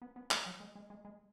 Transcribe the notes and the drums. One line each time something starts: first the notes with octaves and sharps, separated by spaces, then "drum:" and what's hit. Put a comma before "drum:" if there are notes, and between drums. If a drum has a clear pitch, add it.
B3
B3
G#3, drum: clap
F#3
G#3
G#3
G#3
G#3